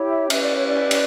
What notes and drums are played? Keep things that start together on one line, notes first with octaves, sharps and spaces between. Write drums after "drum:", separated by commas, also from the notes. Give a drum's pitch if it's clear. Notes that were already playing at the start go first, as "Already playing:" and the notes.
Already playing: E4 G4 C#5
E5
C#4 G4 B4 E5, drum: cymbal
D5
C#5
D5
drum: cymbal